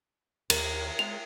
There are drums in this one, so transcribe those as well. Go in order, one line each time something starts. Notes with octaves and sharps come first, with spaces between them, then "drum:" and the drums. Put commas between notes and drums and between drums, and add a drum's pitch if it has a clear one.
D#2 A#4, drum: cymbal
G#3 F7